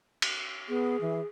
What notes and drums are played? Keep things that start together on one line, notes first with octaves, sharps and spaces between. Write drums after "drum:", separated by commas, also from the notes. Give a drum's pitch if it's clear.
drum: cymbal
B3 G#4
E3